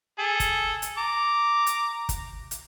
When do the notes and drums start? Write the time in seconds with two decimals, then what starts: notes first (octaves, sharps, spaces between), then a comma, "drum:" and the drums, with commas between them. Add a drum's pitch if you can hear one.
0.19 G#4 A4
0.40 drum: kick, hi-hat
0.82 drum: hi-hat
0.98 A#5 D6
1.67 drum: hi-hat
2.09 drum: kick, hi-hat
2.51 drum: hi-hat